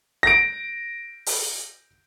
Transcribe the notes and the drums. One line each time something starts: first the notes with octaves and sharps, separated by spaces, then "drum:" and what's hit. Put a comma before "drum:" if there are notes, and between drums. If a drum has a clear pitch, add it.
A#6 D7
drum: open hi-hat